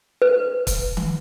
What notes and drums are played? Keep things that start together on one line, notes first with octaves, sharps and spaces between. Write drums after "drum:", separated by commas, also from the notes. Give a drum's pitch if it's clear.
B4
drum: kick, hi-hat
drum: tom D#3